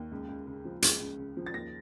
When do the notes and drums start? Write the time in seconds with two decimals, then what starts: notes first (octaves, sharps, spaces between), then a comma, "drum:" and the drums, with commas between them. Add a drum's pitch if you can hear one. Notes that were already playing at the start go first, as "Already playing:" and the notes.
Already playing: D#2
0.12 C#2
0.29 C#2
0.47 C#3
0.65 F3
0.82 C#2, drum: hi-hat
1.00 C#2
1.18 C#3
1.37 F3
1.46 A6
1.54 D#2 A#6